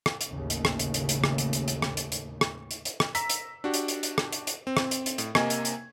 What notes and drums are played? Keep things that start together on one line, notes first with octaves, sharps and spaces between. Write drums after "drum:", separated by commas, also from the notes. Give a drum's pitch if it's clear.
drum: rim click
drum: hi-hat
A1 D#2 C#3 A3
drum: hi-hat
drum: rim click
drum: hi-hat
drum: hi-hat
drum: hi-hat
drum: rim click
drum: hi-hat
drum: hi-hat
drum: hi-hat
drum: rim click
drum: hi-hat
drum: hi-hat
drum: rim click
drum: hi-hat
drum: hi-hat
drum: rim click
A#5 E6 B6, drum: hi-hat
drum: hi-hat
D4 F#4 G4
drum: hi-hat
drum: hi-hat
drum: hi-hat
drum: rim click
drum: hi-hat
drum: hi-hat
C4
drum: rim click
drum: hi-hat
drum: hi-hat
A2, drum: hi-hat
C3 A#3 D#5 G#5 G#6, drum: rim click
drum: hi-hat
drum: hi-hat